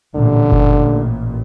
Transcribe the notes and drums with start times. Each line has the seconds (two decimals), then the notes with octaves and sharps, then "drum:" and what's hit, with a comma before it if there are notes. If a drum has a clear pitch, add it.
0.15 A1 A#2 D3
0.52 drum: kick F#1